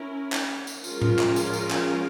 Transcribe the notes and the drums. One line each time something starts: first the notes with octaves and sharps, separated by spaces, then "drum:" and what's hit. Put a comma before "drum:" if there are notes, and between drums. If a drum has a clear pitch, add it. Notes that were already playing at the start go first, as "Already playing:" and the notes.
Already playing: C#4 E4 A#4
drum: clap
drum: tambourine
F3 G#3 C#4 F4 A#4, drum: tambourine
drum: tom A2
drum: clap
drum: tambourine
drum: tambourine
drum: clap